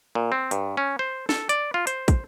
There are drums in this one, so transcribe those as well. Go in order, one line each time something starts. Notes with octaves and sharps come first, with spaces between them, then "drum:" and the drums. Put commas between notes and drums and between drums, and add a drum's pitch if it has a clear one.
A#2
C4
G2, drum: hi-hat
C#4
C5
A4, drum: snare
D5, drum: hi-hat
F4
C5, drum: hi-hat
drum: kick, hi-hat